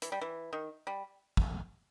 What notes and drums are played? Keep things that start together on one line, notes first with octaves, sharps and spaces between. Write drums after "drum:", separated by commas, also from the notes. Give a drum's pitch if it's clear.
E3, drum: hi-hat
G3
E3
D#3
G3
drum: kick